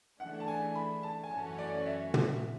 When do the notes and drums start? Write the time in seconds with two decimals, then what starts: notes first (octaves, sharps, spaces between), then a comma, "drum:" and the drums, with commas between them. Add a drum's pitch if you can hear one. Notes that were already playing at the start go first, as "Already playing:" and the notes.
0.20 E3 A3 D4 G#4 F#5
0.40 A5
0.48 G#5
0.75 B5
1.03 A5
1.24 G#5
1.30 F#2 E3 A3 C#4 F#4 A5
1.58 D5
1.86 E5
2.14 drum: tom